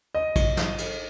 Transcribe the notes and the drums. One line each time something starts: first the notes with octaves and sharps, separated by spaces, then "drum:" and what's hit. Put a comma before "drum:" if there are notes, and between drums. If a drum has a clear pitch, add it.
D#5
drum: kick, cymbal
drum: snare
drum: cymbal